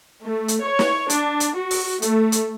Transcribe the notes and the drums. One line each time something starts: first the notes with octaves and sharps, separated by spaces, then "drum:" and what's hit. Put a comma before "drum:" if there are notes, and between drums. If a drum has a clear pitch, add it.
A3
drum: hi-hat
C#5
drum: snare
D4, drum: hi-hat
drum: hi-hat
F#4
drum: open hi-hat
A3, drum: hi-hat
drum: hi-hat